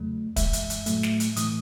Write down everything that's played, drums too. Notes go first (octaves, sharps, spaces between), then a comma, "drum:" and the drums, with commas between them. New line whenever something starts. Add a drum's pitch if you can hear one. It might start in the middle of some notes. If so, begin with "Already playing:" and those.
Already playing: E2 C#3 F#3 A3
F#2 E3 G#3 E5, drum: kick, hi-hat
drum: hi-hat
drum: hi-hat
A2 F#3 A3, drum: hi-hat
drum: snare
drum: hi-hat
A2 E3 A3 D#6, drum: hi-hat